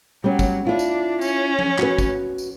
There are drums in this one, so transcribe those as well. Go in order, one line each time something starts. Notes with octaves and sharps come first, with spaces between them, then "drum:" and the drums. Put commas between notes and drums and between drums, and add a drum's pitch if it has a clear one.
F#3 G3 C#4
drum: kick, tambourine
D4 E4 F4
drum: tambourine
C#4, drum: tambourine
drum: tom F3
F#4 B4, drum: clap
drum: kick, tambourine
drum: tambourine